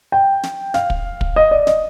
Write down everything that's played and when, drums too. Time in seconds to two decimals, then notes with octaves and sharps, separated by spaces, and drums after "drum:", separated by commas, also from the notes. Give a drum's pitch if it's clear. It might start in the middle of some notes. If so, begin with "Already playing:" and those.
0.12 G5
0.43 drum: snare
0.74 F5, drum: snare
0.90 drum: kick
1.21 drum: kick
1.36 D#5
1.51 D5
1.67 D#5, drum: snare